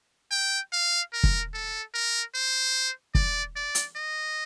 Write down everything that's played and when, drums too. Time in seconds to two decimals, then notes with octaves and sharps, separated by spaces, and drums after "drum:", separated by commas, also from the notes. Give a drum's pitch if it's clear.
0.31 G5
0.72 F5
1.13 A#4
1.23 drum: kick
1.54 A4
1.94 A#4
2.34 C5
3.15 D5, drum: kick
3.56 D5
3.75 drum: hi-hat
3.96 D#5